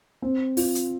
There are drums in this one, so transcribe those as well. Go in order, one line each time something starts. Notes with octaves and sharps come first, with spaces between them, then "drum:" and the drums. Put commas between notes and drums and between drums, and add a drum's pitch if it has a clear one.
C4
F4, drum: open hi-hat
drum: hi-hat